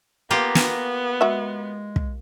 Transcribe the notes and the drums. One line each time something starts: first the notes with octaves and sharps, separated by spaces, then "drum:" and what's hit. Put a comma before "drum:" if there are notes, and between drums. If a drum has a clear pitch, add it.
A#3 B3 F4 G4 A#5
drum: snare
G#3 F#4 E5
drum: kick